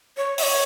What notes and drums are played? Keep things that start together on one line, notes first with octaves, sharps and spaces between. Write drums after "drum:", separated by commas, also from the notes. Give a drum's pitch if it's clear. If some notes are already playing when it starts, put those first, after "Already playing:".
C#5
E5, drum: open hi-hat
C#5